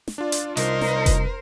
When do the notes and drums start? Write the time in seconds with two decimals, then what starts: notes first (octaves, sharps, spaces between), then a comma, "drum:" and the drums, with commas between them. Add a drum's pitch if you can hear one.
0.08 drum: snare
0.18 D4 F4 D5
0.32 drum: hi-hat
0.57 C2 D#4 A#4 C5, drum: hi-hat
0.81 drum: snare
1.06 drum: kick F1, hi-hat